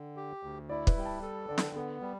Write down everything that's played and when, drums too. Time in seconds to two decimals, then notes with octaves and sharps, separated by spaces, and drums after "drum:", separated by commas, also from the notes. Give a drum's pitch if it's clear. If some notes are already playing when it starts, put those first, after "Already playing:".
Already playing: D3 G5
0.17 G4
0.43 D2
0.69 E4 D5
0.87 B4, drum: kick
0.96 G3 G5
1.05 A5
1.22 A4
1.49 D3 D5
1.58 drum: snare
1.75 B3 A4
2.01 G3 G4